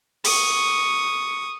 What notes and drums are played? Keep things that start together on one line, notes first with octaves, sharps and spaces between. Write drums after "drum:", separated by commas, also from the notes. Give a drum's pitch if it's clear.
C#6 D#6, drum: open hi-hat